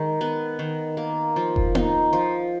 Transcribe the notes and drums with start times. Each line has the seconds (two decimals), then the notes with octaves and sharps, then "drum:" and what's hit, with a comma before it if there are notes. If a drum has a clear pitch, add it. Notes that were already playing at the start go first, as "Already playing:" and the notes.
Already playing: D#3 G#3
0.21 B3
0.59 D#3
0.97 A#3
1.36 F3
1.56 drum: kick F1
1.75 D#4, drum: tom A#3
2.13 F3